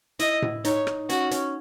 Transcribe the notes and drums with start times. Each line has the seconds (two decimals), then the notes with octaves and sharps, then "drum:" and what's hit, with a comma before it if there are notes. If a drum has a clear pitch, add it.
0.19 E4 D#5, drum: hi-hat
0.42 drum: tom A2
0.65 D#4 C#5, drum: hi-hat
0.87 drum: rim click
1.09 C#4 F#4, drum: hi-hat
1.31 C#4, drum: hi-hat